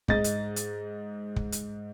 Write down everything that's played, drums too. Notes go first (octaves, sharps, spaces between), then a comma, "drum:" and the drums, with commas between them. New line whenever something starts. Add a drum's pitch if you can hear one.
G#2 D#5 A6, drum: kick
drum: hi-hat
drum: hi-hat
drum: kick
drum: hi-hat